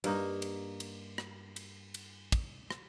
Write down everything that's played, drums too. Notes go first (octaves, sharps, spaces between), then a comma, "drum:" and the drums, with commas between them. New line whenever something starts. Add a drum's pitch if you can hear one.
G2 A#3 D#4, drum: cymbal
drum: cymbal
drum: cymbal
drum: rim click
drum: cymbal
drum: cymbal
drum: kick, cymbal
drum: rim click